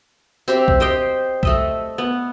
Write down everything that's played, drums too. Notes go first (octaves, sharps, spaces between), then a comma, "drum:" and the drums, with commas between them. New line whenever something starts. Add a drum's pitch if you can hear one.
C4 G4 E5, drum: tambourine
drum: kick B1
G4 C5 D#5 G5
A3 D#5 E5, drum: kick B1
B3